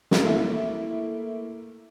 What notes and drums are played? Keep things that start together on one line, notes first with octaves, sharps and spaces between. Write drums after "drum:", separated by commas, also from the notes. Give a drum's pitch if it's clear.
drum: snare
A3 A#3 E4